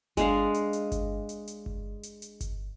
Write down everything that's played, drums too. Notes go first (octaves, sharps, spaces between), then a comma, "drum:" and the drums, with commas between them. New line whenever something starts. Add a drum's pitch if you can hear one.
G#3 D4 F5, drum: kick G1, hi-hat
drum: hi-hat
drum: hi-hat
drum: kick G1, hi-hat
drum: hi-hat
drum: hi-hat
drum: kick G1
drum: hi-hat
drum: hi-hat
drum: kick G1, hi-hat